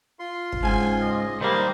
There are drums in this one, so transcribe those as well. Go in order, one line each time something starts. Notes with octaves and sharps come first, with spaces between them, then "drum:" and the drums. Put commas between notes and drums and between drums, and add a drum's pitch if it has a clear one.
F4 C6
drum: kick
C#2 G#2 G#5
D#5
D#3 G3 A#3 C5